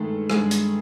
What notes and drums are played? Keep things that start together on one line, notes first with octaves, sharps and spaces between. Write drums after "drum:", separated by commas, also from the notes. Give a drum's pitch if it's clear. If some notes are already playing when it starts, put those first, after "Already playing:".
Already playing: G2 D#3 G#3 A3 G#4 A4
G2 G#3 G#4, drum: rim click
drum: hi-hat